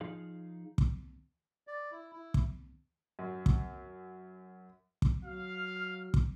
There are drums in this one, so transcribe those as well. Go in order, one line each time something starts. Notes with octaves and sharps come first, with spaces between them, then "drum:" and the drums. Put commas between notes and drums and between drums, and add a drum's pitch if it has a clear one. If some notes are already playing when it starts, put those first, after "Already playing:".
F3 D#4 G#4 F5
drum: kick
D5
E4
E4
drum: kick
F#2
drum: kick
drum: kick
F#3 F5 F6
drum: kick